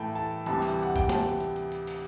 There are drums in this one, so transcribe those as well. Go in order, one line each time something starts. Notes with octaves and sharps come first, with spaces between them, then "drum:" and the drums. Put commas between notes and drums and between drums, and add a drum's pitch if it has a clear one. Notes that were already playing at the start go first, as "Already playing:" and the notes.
Already playing: A2 E3 A3 G5 A5
A5
D2 C3 E3 G3 A5, drum: hi-hat
drum: open hi-hat
F#5
G5, drum: kick, hi-hat
A5, drum: snare
drum: hi-hat
drum: hi-hat
drum: hi-hat
drum: hi-hat
drum: open hi-hat